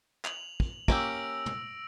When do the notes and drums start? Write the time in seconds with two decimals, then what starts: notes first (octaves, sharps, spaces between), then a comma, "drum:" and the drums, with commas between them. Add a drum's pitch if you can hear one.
0.25 F7 F#7, drum: clap
0.60 drum: kick
0.88 A#3 C#4 G4 E6 A#6 D7, drum: kick
1.46 drum: tom